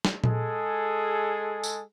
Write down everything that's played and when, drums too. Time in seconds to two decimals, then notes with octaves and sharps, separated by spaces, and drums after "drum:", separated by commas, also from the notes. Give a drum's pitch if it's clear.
0.05 drum: snare
0.24 G#3 G#4 A4, drum: tom A#2
1.64 drum: tambourine